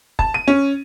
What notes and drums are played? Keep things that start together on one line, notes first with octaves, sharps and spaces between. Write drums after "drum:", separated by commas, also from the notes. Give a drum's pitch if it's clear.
A5, drum: kick
D#7
C#4